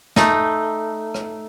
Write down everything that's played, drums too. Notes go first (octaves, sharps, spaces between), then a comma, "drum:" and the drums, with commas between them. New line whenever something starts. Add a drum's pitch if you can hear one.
A3 D#4, drum: snare
drum: rim click